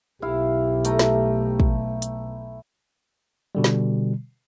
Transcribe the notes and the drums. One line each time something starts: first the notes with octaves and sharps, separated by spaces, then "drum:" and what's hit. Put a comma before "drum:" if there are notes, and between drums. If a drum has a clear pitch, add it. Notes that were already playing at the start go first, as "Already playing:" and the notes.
B1 E4 G4 F5
A3 G5 A#5, drum: hi-hat
drum: snare
drum: kick
drum: hi-hat
B2 D3 G3
drum: snare